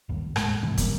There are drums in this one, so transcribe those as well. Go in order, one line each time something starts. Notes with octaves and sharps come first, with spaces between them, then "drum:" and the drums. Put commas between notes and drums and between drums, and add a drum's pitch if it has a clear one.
G1 D#2
E1 A2 G#3, drum: rim click
G1 G#2 C3 E3
D3 G3 A#3 C4, drum: kick, hi-hat